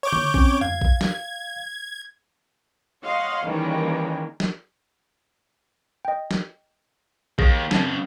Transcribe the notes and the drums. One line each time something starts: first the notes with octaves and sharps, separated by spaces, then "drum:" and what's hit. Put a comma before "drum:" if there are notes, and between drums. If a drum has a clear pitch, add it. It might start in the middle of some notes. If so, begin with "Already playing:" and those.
C#5 D6 G6
drum: tom D3
C4 C#4, drum: kick A#1
F5 G#6, drum: tom F2
drum: kick A#1
drum: snare
C#5 D#5 F5 F#5 C6
D#3 E3 G3 G#3 A#3 C#4
drum: snare
D#5 G5
drum: snare
D#2 G#4 A#6, drum: kick A#1
F#2 C#3 C4 D4, drum: snare